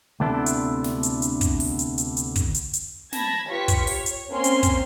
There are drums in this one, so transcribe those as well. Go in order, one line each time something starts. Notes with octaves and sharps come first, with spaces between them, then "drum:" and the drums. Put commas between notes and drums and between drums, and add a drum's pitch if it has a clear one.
D2 C3 B3 D4 E4 A4
drum: hi-hat
drum: snare
drum: hi-hat
drum: hi-hat
drum: kick, hi-hat
drum: open hi-hat
drum: hi-hat
drum: hi-hat
drum: hi-hat
drum: kick, hi-hat
drum: hi-hat
drum: hi-hat
A5 B5 G#6 A#6, drum: snare
F4 G4 B4 C#5 C#6 B6
drum: kick, hi-hat
C#5, drum: open hi-hat
drum: hi-hat
A#3 C4 C#4 C6
drum: hi-hat
drum: kick, hi-hat